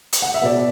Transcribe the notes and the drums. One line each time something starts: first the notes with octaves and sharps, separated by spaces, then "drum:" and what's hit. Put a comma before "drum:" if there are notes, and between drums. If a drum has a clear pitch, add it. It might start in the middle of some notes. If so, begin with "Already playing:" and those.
drum: hi-hat
F#5
E5
B2 B3 D5